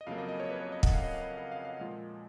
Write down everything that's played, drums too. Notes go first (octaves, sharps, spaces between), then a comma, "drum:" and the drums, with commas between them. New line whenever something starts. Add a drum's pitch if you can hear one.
D#5
F2 C#3 F#3 A#3 F5
D#5
D#5
C#5
B4
C#5
D#5
F#5, drum: kick
F5
D#5
F5
F5
F5
F5
A#2 F3 G#3